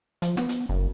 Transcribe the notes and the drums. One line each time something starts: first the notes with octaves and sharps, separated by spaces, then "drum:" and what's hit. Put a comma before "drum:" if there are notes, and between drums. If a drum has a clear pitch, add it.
F3, drum: hi-hat
B3, drum: snare
drum: hi-hat
F#1